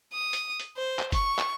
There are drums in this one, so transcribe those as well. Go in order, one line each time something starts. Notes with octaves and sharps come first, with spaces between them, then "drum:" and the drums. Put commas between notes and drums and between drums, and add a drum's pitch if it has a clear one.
D#6
drum: hi-hat
drum: hi-hat
C5
drum: clap
C#6, drum: kick F#1, hi-hat
drum: clap